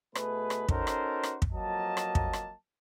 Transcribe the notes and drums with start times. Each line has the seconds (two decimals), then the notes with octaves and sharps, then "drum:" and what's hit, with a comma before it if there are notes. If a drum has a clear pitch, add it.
0.15 B2 A3 G#4 B4, drum: rim click
0.50 drum: rim click
0.68 C#4 D#4 F#4 A4 A#4 C5, drum: kick
0.87 drum: rim click
1.23 drum: rim click
1.42 drum: kick
1.53 F2 F#3 A#3 D#5 A5
1.97 drum: rim click
2.15 drum: kick
2.33 drum: rim click